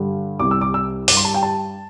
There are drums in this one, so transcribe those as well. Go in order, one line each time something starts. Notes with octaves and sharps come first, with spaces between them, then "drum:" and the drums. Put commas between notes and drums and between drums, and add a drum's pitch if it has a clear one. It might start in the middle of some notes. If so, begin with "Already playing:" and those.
Already playing: G2 D3 G3
C2 C3 G3 D6
E6
D6
E6
G2 G3 D6, drum: open hi-hat
C6
A5
G5
A5